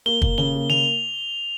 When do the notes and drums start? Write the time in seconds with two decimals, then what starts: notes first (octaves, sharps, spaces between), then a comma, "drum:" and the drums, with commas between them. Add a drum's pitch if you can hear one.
0.06 A#3 G7
0.22 A#3, drum: kick
0.38 C#3 G7
0.54 A#3
0.70 C#3 F7